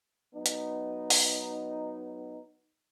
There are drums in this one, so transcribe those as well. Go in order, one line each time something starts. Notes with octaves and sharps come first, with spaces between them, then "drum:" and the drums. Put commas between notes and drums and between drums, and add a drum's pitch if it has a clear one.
F#3 B3 D#4
drum: hi-hat
drum: open hi-hat